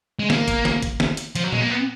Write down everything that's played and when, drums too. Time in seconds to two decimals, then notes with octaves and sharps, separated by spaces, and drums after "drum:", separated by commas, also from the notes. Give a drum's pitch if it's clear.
0.19 G#3
0.30 A#3, drum: snare
0.48 drum: kick, hi-hat
0.65 drum: snare
0.82 drum: kick, hi-hat
1.00 drum: snare
1.17 drum: hi-hat
1.35 F3, drum: hi-hat
1.43 F#3
1.52 G#3, drum: tom A#2
1.61 A#3
1.69 B3